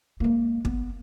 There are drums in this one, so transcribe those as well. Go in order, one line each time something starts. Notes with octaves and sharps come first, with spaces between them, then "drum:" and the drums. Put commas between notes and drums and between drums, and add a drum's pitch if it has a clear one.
G#3 A#3
B3, drum: kick